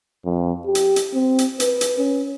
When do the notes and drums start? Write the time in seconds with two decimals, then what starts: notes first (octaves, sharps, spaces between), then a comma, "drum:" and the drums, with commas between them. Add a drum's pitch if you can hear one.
0.25 F2
0.65 G4
0.75 drum: hi-hat
0.96 drum: hi-hat
1.14 C4
1.38 drum: hi-hat
1.60 B4, drum: hi-hat
1.81 drum: hi-hat
1.98 C#4